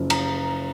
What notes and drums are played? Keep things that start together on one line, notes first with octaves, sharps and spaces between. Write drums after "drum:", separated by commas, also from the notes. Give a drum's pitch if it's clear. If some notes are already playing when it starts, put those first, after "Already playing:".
Already playing: F#1 F#2 F3
A#5, drum: cymbal